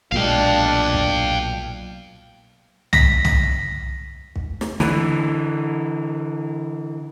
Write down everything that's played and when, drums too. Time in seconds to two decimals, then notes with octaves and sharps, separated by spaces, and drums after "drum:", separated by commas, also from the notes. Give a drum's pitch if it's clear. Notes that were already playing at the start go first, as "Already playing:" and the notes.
0.12 B1 A#2 G#3 D4 F5 G5
0.94 drum: kick
2.93 A#6 B6, drum: tom
3.25 drum: tom
4.36 drum: kick
4.61 drum: snare
4.80 D3 E3, drum: snare